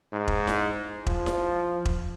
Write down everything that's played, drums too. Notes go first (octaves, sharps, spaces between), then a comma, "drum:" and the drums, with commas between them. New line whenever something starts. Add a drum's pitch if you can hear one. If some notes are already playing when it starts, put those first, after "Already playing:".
G#2
drum: kick E1
drum: snare E4
F3, drum: kick E1
drum: snare E4
drum: kick E1